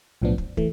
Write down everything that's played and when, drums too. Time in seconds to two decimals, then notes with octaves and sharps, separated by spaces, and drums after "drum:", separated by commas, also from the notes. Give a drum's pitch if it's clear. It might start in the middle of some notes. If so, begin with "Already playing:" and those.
0.22 B1 A2 F3 B3 D4
0.38 drum: kick
0.57 E3 A3, drum: kick